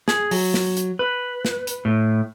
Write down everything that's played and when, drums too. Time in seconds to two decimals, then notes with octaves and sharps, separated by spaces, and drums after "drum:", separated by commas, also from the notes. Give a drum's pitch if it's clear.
0.08 G#4, drum: snare
0.31 F#3, drum: open hi-hat
0.54 drum: snare
0.77 drum: hi-hat
0.99 B4
1.45 drum: snare
1.67 drum: hi-hat
1.85 A2